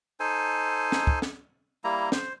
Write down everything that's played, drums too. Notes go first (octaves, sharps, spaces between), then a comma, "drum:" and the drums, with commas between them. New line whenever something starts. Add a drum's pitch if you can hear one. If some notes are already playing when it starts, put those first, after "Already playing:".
D#4 A4 C5 G#5
drum: snare
drum: kick
drum: snare
G3 A#3 E4 A#5
C5, drum: snare